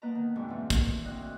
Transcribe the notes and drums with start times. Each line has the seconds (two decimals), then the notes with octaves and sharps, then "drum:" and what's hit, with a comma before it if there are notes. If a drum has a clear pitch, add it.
0.02 A#3 B3 B4 D#5 A5 A#5
0.15 D#3
0.36 F2 G#2 B2 C4 D4
0.48 E3 F3 A3
0.70 A#4, drum: kick, hi-hat
1.04 D2 C4 D#5 F#6